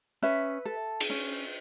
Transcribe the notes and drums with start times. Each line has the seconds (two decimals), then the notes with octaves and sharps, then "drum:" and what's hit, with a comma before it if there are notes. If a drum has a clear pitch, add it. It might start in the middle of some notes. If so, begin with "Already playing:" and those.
0.23 C#4 B4 E5
0.65 A4
1.00 drum: cymbal
1.10 C#4